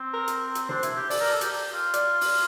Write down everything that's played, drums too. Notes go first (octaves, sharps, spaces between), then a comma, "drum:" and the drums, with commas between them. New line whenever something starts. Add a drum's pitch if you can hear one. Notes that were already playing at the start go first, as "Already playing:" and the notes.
Already playing: C4
A#4
drum: hi-hat
drum: hi-hat
D4 C5, drum: tom B2
E4, drum: hi-hat
G4
A4 D5, drum: open hi-hat
A#4
A4
G4, drum: hi-hat
G4
F4
D5, drum: hi-hat
drum: open hi-hat